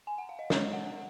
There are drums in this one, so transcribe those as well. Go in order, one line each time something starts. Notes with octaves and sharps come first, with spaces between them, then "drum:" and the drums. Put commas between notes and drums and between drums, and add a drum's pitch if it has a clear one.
G#5
F#5
F5
D#5
G#3 C#5, drum: snare
F#5